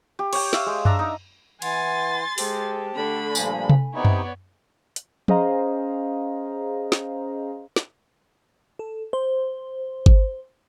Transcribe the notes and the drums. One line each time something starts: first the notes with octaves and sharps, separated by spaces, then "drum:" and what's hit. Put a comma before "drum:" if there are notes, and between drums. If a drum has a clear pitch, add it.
G4
C#5 G5, drum: cymbal
E5 F5, drum: snare
G#3
D4 E5 A#5, drum: tom F#2
D#4
E3 F#5 G#5 C6 A6, drum: cymbal
G#3 G4 A4 C5, drum: open hi-hat
D3 A3 B5
G2 A#2 F3 G#5, drum: tambourine
drum: tom C3
C3 B3 D#4 E4 C#5 D5
drum: tom F#2
drum: hi-hat
C#4 G#4 C5 D#5 F5 A#5, drum: tom
drum: snare
drum: snare
A4
C5
drum: kick G#1